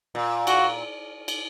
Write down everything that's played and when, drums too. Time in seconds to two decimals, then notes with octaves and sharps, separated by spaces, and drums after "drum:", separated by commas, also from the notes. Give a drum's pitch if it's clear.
0.15 A#2
0.47 F#4, drum: cymbal
1.28 drum: cymbal